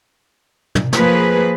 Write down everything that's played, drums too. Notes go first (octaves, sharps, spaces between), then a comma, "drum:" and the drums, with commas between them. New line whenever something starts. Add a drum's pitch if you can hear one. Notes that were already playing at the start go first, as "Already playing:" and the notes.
drum: tom
F3 A#3 G#4 B4, drum: snare